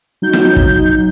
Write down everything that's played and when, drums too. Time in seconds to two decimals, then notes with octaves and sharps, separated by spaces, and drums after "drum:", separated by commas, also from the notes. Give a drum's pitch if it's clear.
0.22 F#3 D#4 G6
0.33 drum: snare
0.56 drum: kick